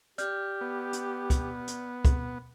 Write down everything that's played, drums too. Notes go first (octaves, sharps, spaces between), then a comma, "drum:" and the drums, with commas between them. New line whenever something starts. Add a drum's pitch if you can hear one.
G4 D5 F6 G6, drum: hi-hat
B3
drum: hi-hat
drum: kick, hi-hat
drum: hi-hat
drum: kick, hi-hat